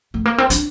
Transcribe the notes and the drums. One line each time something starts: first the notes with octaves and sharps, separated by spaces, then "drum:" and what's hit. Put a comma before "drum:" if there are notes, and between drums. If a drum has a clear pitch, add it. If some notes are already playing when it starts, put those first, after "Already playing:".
A3
A#3
C4
D4, drum: hi-hat